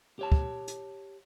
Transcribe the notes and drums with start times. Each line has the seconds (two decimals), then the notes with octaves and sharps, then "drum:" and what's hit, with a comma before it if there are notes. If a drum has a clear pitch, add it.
0.19 G4 C#5 A5
0.32 drum: kick
0.68 drum: hi-hat